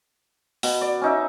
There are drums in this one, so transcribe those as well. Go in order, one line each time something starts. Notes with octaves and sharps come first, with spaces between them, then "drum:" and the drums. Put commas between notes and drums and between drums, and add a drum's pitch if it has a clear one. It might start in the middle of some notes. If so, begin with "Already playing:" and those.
B2, drum: open hi-hat
D5
C#4 D#4 E5